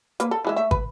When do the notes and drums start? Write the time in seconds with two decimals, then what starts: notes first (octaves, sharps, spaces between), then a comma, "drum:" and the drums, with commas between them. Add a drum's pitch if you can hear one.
0.20 A#3 B4, drum: hi-hat
0.31 A4
0.45 E3 G#3 E5
0.56 A3 E5
0.71 B4, drum: kick